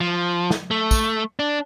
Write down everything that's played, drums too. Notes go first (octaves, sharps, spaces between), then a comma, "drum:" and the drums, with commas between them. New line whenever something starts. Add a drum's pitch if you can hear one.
F3
drum: snare
A3
drum: kick, tambourine
D4